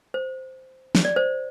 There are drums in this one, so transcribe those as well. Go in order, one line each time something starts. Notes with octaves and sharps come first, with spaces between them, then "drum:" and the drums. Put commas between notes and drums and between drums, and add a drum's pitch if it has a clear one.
C5
drum: snare
D5
C5